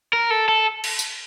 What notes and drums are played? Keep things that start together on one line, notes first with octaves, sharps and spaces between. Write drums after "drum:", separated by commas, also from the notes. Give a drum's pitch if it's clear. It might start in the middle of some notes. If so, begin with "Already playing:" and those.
A#4
A4
A4
drum: cymbal
drum: tambourine